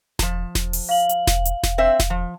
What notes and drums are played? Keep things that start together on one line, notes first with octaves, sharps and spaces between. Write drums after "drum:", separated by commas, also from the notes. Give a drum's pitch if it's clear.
F3 A5, drum: snare E1
drum: snare E1
drum: open hi-hat
F5 F#7
drum: hi-hat
drum: snare E1
drum: hi-hat
drum: snare E1
C4 C5 E5
drum: snare E1
F3